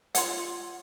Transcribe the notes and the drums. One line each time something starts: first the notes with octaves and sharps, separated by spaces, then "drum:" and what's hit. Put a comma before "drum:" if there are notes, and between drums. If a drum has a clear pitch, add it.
F4 C#5 F#5, drum: hi-hat